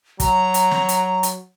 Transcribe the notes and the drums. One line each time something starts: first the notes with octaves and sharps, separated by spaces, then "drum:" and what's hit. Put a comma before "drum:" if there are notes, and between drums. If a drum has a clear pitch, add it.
F#3 A#5, drum: kick, hi-hat
drum: hi-hat
drum: snare
drum: hi-hat
drum: hi-hat